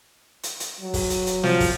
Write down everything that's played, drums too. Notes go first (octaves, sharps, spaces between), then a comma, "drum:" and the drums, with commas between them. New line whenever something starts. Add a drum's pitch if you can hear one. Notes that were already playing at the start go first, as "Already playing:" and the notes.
drum: hi-hat
drum: hi-hat
F#3
drum: kick, open hi-hat
drum: hi-hat
drum: hi-hat
F3, drum: snare
drum: kick, open hi-hat